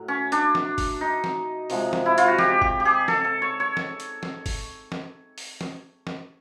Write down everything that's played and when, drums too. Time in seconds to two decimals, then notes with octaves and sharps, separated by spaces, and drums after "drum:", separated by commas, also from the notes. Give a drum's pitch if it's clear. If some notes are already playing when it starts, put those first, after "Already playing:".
Already playing: A2 F#3
0.08 C#4
0.32 D4, drum: hi-hat
0.55 drum: snare
0.78 drum: kick, open hi-hat
1.01 D#4
1.24 drum: snare
1.70 C3 F3 G#3, drum: open hi-hat
1.93 drum: snare
2.06 E4
2.18 F4, drum: hi-hat
2.28 F#4
2.39 G4, drum: snare
2.62 G4, drum: kick
2.80 G4
2.85 G#4
3.08 A4, drum: snare
3.25 A4
3.42 C#5
3.60 C#5
3.77 drum: snare
4.00 drum: hi-hat
4.23 drum: snare
4.46 drum: kick, open hi-hat
4.92 drum: snare
5.38 drum: open hi-hat
5.61 drum: snare
6.07 drum: snare